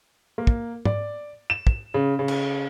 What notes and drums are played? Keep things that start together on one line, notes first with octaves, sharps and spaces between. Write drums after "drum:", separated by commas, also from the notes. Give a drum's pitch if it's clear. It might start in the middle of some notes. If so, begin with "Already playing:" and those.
A#3
drum: kick
D5, drum: tom
E7
drum: kick
C#3
C#3
drum: cymbal